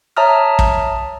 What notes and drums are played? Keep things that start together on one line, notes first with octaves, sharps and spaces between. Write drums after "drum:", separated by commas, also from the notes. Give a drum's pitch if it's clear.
C#5 E5 A5 A#5 D#6 F6
drum: kick